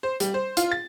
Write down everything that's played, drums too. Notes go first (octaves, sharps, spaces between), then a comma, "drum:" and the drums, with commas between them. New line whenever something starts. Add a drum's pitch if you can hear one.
C5
G3, drum: hi-hat
C5
F4, drum: hi-hat
A6